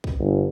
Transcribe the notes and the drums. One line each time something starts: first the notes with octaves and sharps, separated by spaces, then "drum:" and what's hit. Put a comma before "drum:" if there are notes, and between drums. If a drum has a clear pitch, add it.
drum: kick B1
G1